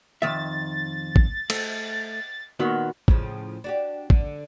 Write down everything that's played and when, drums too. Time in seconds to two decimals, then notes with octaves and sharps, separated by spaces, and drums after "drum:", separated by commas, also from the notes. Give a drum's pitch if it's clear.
0.22 F2 D#3 E5 A6
1.16 drum: kick A1
1.50 A3, drum: cymbal
2.59 A#2 D#3 B3 F#4
3.08 A2 C#3 F3, drum: kick A1
3.64 D4 F#4 G4
4.10 D3, drum: kick A1